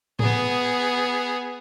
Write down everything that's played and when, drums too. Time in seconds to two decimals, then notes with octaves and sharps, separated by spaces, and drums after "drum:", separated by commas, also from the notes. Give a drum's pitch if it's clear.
0.19 B3 G#4, drum: tom A2